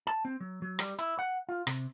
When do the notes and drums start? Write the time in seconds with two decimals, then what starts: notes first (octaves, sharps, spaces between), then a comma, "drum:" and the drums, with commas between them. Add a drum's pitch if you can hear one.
0.07 A5
0.25 C4
0.40 F#3
0.62 F#3
0.79 G3, drum: rim click
0.99 E4, drum: hi-hat
1.19 F#5
1.49 F4
1.67 C3, drum: rim click